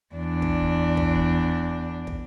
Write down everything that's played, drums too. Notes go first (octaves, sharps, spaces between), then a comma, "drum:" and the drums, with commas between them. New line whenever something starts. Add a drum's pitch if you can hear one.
E2 D4
drum: kick
drum: kick
drum: kick